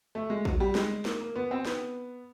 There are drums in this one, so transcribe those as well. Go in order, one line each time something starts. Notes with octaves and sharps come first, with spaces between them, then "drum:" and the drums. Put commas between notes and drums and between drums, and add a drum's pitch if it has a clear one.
A3
G#3
F#3, drum: kick
G3
G#3, drum: snare
A#3, drum: snare
A#3
B3
C4
B3, drum: snare